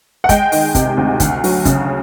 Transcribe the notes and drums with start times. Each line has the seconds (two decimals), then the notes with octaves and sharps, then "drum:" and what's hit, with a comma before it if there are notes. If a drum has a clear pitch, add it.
0.24 F#5
0.29 G#3 G5, drum: kick, hi-hat
0.52 D#3, drum: open hi-hat
0.75 C3, drum: kick, hi-hat
0.97 D2
1.20 D2, drum: kick, hi-hat
1.44 F#3, drum: open hi-hat
1.65 C#3, drum: kick, hi-hat